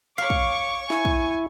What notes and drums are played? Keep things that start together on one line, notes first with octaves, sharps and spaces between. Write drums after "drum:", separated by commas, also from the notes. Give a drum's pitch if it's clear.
C#5 F5 C#6 D6
drum: kick
E4 G#5, drum: snare
drum: kick